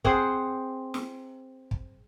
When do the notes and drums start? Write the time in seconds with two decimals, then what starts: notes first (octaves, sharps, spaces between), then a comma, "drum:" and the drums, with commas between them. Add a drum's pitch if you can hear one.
0.04 C4 G#4 C5 F#5, drum: kick
0.94 drum: snare
1.71 drum: kick